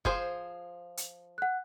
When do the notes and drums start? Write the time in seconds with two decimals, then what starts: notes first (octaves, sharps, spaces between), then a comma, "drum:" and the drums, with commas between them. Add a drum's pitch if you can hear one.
0.05 F3 G#4 C5, drum: kick F#1
0.97 drum: hi-hat
1.38 F#5 F#6